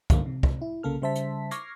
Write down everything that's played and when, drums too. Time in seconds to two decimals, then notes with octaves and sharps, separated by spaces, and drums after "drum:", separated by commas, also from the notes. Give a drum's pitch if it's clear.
0.10 A1 D2 G2 F3 A#3, drum: kick, hi-hat
0.26 C3
0.43 drum: kick
0.62 E4
0.83 C2 C#3 A#3 A4 F6
1.02 C#3 G3 C5 E5 A5 B6
1.15 drum: hi-hat
1.51 C#6 D6 F6 G#6 A#6 C7, drum: hi-hat